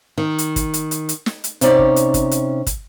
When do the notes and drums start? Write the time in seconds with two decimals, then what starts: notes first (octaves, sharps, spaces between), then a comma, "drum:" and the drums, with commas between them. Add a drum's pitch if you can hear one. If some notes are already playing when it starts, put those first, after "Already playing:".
0.18 D#3
0.38 drum: hi-hat
0.56 drum: kick, hi-hat
0.74 drum: hi-hat
0.91 drum: hi-hat
1.09 drum: hi-hat
1.26 drum: snare
1.44 drum: hi-hat
1.61 C3 C#4 D#4 D5, drum: hi-hat
1.79 drum: kick
1.96 drum: hi-hat
2.14 drum: kick, hi-hat
2.31 drum: hi-hat
2.67 drum: kick, hi-hat